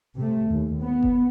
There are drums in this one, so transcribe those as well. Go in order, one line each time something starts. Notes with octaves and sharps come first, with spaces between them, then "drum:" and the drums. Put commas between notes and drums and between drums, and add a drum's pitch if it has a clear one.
C3 A3
D#2
B3
drum: kick F#1